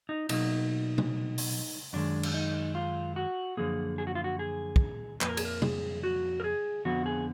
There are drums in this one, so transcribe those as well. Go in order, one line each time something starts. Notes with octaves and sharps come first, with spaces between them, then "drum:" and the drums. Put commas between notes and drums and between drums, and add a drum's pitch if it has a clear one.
D#4
B2 F#3 A#3 D#4, drum: cymbal
drum: tom
drum: open hi-hat
F#2 D#3 G#3 D4
drum: cymbal
D#4
F4
F#4
F#2 D3 F3 A#3 G#4
G#4
F#4
F4
F#4
G#4
drum: kick
F2 F3 A#3 B4, drum: clap
A#4
G#4, drum: cymbal
A#4
G#4, drum: tom
F#4
A#4
G#4
F2 D3 F3 B3 F#4
G#4